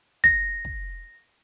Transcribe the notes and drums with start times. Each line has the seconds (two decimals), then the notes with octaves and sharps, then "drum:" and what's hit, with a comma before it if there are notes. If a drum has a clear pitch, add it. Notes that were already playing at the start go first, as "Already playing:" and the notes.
0.24 A#6, drum: kick
0.65 drum: kick